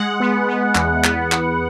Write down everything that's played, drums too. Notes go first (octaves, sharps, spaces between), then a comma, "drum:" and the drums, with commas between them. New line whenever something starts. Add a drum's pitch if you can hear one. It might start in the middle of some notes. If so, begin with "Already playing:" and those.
Already playing: G#3 F#5
B3
B3
E2, drum: clap
B3, drum: clap
drum: clap